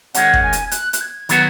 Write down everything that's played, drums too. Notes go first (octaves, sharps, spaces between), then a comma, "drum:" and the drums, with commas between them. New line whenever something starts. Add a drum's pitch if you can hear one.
D#3 G#3 C#4 F#5, drum: hi-hat
drum: kick
G#5
drum: hi-hat
G#6
F#6, drum: hi-hat
F#6, drum: hi-hat
G#6
D#3 F#3 B3 F#4, drum: hi-hat